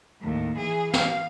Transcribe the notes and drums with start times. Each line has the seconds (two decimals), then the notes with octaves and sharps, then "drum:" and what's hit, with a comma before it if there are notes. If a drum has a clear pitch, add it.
0.20 D#2 A2
0.56 E3 G#4
0.93 F5, drum: snare